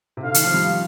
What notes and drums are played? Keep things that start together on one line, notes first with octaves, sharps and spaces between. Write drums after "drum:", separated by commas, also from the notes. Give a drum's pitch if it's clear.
C3
D3 F5
D#3, drum: hi-hat
F3
G3